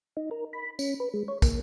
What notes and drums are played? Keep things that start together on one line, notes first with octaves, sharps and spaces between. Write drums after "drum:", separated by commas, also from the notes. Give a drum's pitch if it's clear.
D#4
A#4
B5
C#4, drum: tambourine
B4
G#3
C#5
A#3, drum: kick, tambourine